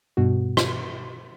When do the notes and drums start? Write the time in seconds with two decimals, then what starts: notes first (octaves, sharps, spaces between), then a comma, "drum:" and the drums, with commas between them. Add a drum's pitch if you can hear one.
0.17 G2 B2 F#4
0.57 drum: rim click